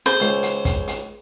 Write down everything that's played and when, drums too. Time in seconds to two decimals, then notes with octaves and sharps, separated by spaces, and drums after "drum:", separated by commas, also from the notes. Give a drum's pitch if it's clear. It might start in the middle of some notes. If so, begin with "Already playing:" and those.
0.06 G#4 C5
0.20 C#2, drum: hi-hat
0.43 drum: hi-hat
0.65 drum: kick, hi-hat
0.87 drum: hi-hat